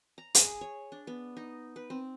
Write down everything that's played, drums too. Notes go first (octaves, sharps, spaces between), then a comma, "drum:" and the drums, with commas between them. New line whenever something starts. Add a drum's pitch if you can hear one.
A#5
G#4, drum: hi-hat
C#5
D4
B3
D#4
B4
C4